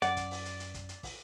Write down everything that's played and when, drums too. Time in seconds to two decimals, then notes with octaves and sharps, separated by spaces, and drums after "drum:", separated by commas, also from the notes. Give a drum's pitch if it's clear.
0.02 F#2 D5 F#5, drum: hi-hat
0.17 drum: kick, hi-hat
0.31 drum: open hi-hat
0.45 drum: hi-hat
0.60 drum: hi-hat
0.74 drum: kick, hi-hat
0.89 drum: hi-hat
1.03 drum: kick, open hi-hat